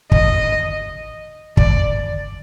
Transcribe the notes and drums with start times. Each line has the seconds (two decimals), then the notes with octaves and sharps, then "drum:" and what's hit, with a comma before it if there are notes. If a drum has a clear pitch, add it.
0.12 D#5, drum: kick
1.57 D5, drum: kick